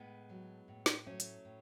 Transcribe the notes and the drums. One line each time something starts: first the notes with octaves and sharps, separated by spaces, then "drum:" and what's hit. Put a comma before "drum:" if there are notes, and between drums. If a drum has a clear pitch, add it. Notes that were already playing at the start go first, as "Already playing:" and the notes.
Already playing: A2 G#3 B3
F#3
A2
drum: snare
F#3 A3 C#4
drum: hi-hat
A2